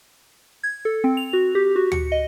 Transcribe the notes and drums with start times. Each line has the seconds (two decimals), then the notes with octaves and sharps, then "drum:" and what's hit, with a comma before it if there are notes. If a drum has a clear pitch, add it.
0.63 G#6
0.85 A4
1.04 C4
1.17 F7
1.33 F#4
1.55 G4
1.76 F#4
1.92 C#7, drum: tom D2
2.12 D#5